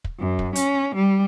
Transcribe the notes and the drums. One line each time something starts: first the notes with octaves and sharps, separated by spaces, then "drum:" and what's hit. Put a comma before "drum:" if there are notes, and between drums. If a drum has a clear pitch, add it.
drum: kick
F#2
drum: kick
C#4, drum: hi-hat
G3